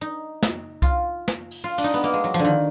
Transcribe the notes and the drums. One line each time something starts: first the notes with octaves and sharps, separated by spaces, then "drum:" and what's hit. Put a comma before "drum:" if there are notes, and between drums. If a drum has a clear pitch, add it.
D#4
drum: snare
F4, drum: kick C2
drum: snare
drum: open hi-hat
F4
D4, drum: cymbal
D#4
B3
A#3
G#3
F#3
F3
D3
D#3